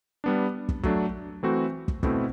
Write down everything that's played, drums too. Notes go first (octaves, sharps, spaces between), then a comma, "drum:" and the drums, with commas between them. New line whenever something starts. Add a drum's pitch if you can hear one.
G3 B3 D4
drum: kick
F#3 A3 D4, drum: kick
E3 A3 C4 F#4
drum: kick
B2 A3 C4 E4, drum: kick